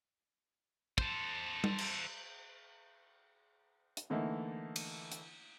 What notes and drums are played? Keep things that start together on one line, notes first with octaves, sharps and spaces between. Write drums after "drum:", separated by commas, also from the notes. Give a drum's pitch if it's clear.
A4 C5, drum: kick
drum: tom G3
drum: cymbal
drum: hi-hat
D3 E3 A3 A#3 D#4 E4
drum: cymbal
drum: hi-hat